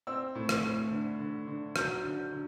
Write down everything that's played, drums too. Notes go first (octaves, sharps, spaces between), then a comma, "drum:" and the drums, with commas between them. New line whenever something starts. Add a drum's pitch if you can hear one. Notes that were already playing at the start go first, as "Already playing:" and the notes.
C4 E6
A2
drum: rim click
A2
D3
D3
D3
F#3 G6, drum: rim click
D3
D3